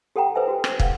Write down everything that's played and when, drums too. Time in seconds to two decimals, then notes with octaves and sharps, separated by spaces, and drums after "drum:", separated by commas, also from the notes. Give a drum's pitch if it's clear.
0.16 G4 A4 F#5 G5 A#5
0.35 A4 B4 C5 E5 G#5
0.48 F#4 G4
0.64 drum: rim click
0.80 F5 F#5, drum: kick